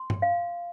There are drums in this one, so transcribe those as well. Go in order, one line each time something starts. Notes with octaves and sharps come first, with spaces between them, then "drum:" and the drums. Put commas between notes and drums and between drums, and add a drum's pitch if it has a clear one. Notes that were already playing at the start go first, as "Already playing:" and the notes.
Already playing: C6
drum: tom G2
F5